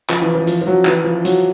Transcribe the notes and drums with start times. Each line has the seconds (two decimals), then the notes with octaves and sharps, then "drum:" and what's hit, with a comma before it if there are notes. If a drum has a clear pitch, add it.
0.09 F3, drum: clap
0.22 E3
0.35 F3
0.47 F3, drum: hi-hat
0.61 F3
0.67 F#3
0.85 E3, drum: clap
1.04 F3
1.25 F#3, drum: hi-hat